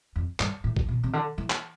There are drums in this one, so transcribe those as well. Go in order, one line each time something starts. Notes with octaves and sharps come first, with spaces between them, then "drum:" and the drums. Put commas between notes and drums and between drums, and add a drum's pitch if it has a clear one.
F2
G2, drum: clap
A2
drum: kick
B2
C3
D3
E3
drum: clap